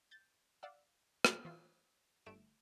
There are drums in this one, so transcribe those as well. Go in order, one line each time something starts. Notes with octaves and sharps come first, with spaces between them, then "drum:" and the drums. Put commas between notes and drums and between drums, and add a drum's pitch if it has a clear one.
G6 A6
D5 F5 F#5 E6
drum: rim click
E3 F4
G1 A3 E5 D7 E7